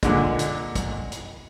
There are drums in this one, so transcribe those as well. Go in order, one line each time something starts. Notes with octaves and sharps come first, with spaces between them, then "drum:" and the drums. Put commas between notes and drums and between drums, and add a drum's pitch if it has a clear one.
A#2 D3 G#3, drum: kick, hi-hat
drum: hi-hat
drum: kick, hi-hat
drum: hi-hat